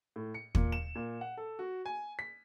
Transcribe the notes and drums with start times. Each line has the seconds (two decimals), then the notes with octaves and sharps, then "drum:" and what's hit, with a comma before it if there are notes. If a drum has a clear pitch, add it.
0.16 A2
0.34 C#7
0.55 A#2, drum: kick
0.72 E7
0.95 A#2
1.21 F#5
1.37 A4
1.59 F#4
1.86 G#5
2.19 B6